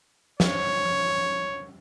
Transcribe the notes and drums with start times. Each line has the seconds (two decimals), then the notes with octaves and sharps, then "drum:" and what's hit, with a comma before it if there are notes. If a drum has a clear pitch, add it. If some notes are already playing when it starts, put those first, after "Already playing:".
0.40 C#5, drum: snare